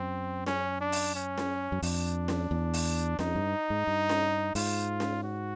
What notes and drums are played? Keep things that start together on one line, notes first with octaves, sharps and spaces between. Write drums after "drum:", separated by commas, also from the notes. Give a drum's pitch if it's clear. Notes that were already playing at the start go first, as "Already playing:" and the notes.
Already playing: F#2 C4
C#4, drum: snare C#4
D4
drum: open hi-hat
C#4
drum: snare C#4
F#2
F2 D4, drum: open hi-hat
drum: snare C#4
E2
drum: open hi-hat
F2 D#4, drum: snare C#4
G2
G#2
G2
drum: snare C#4
G#2 F4, drum: open hi-hat
drum: snare C#4
F#4